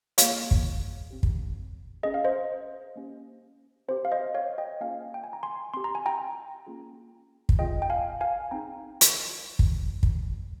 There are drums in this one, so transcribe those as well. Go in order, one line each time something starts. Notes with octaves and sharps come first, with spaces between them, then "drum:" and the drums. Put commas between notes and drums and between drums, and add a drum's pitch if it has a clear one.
A#3 F4 G#4 C#5 F5, drum: hi-hat
drum: kick
C4 G4
drum: kick
C#4 G#4 D#5
F5
C5 D#5
A#3 C#4 G4
C4 G4 C5
F5
C5 D#5
C#5 F5
D#5 G5
A#3 C#4 F4 G#4 F5 G#5
G5
G#5
A#5
G#5 C6
C4 G4 C6
A#5
G#5
G5 A#5
A#3 C#4 F4 G#4
drum: kick
C4 F4 G#4 D#5 G5
G5
F5 G#5
F5 G#5
C4 D#4 G#4 G5 A#5
drum: hi-hat
drum: kick
drum: kick